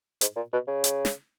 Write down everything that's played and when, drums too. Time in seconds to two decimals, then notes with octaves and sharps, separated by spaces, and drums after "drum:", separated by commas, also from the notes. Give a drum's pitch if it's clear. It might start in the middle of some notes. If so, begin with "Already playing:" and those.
0.21 G#2, drum: hi-hat
0.36 A#2
0.53 B2
0.68 C#3
0.84 drum: hi-hat
1.05 drum: snare